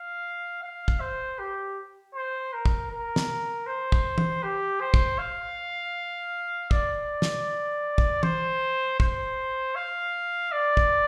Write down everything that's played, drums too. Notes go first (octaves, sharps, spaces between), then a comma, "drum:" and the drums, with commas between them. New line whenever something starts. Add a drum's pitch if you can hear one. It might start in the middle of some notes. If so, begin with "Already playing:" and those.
Already playing: F5
F5
drum: kick
C5
G4
C5
A#4
drum: kick
A#4
drum: snare
C5
drum: kick
drum: tom E3
G4
C5
drum: kick
F5
D5, drum: kick
drum: snare
drum: kick
C5, drum: tom
C5, drum: kick
F5
D5
drum: kick